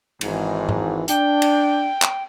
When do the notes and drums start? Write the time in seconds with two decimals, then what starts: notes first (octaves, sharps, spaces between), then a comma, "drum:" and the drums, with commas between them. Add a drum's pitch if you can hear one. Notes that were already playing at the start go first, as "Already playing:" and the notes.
0.21 G#1 G#2 E3, drum: cymbal
0.69 drum: tom G#2
1.08 D4 G5, drum: hi-hat
1.42 drum: cymbal
2.02 drum: clap